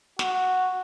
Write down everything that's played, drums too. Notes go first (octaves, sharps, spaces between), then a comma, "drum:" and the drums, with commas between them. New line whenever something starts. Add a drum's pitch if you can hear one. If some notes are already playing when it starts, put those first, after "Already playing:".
F#4, drum: snare